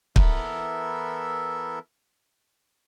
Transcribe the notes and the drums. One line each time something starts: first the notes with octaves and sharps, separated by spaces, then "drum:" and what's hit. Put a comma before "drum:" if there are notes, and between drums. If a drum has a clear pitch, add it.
E3 B3 E4 A4 A#4 E5, drum: kick